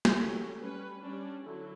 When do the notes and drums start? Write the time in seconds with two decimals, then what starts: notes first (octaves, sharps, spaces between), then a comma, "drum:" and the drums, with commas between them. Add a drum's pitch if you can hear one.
0.05 drum: snare
0.18 F#3 A3 C#4 G4
0.60 G3 C#4 B4
1.02 G3 C#4 D4
1.44 D3 F#3 E4